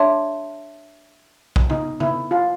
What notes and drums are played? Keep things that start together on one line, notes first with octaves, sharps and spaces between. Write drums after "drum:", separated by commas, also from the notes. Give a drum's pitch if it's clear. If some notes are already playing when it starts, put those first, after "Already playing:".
Already playing: D4 C#5 E5 A5 C6
drum: kick A#1
D#4, drum: tom C#3
E4, drum: tom C#3
F4